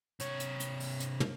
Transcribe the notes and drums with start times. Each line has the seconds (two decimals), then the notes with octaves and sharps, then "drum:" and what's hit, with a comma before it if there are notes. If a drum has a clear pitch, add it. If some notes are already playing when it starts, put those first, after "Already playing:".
0.20 C3 C#5, drum: hi-hat
0.40 drum: hi-hat
0.60 drum: hi-hat
0.80 drum: open hi-hat
1.00 drum: hi-hat
1.20 drum: tom